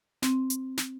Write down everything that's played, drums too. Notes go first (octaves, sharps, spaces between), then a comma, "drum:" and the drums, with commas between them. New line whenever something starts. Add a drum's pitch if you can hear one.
C4, drum: snare
drum: hi-hat
drum: snare